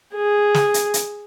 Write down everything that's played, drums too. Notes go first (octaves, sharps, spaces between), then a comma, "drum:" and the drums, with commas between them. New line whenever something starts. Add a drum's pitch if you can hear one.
G#4
drum: snare
drum: hi-hat
drum: hi-hat